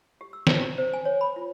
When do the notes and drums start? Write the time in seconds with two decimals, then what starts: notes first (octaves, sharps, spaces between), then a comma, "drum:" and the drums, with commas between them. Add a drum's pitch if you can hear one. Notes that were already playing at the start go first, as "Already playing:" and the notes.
0.21 G4
0.33 E6
0.47 C5, drum: snare
0.61 A#5
0.78 C5
0.94 G#5
1.05 C#5
1.21 B5
1.36 F4